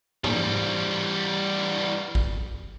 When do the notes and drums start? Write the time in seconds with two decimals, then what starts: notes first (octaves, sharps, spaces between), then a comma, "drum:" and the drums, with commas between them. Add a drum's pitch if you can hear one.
0.24 E3 G3, drum: tom
2.15 drum: kick A1